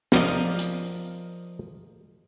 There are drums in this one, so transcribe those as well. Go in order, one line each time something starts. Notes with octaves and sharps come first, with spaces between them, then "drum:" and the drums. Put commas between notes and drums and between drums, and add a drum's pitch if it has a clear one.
F3 A#4 D5 D#5 F5, drum: snare
drum: hi-hat